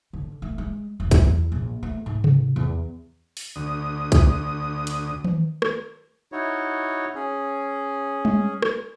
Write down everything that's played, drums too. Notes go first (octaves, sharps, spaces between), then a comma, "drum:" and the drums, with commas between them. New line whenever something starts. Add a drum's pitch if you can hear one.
D3
A3
G#3
F1
F#2, drum: kick C2, hi-hat
E2
A#1
A3
G#2
drum: tom C3
E2
drum: open hi-hat
D2 D#6
drum: kick C2, hi-hat
drum: hi-hat
drum: tom D#3
drum: rim click
D#4 E4 F#4 C#5
C#4 G#4
drum: tom G3
drum: rim click